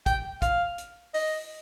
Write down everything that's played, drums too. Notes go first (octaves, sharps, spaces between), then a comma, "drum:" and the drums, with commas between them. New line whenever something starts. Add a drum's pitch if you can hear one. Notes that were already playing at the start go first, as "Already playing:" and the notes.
G5, drum: kick, hi-hat
F5, drum: kick, hi-hat
drum: hi-hat
D#5, drum: open hi-hat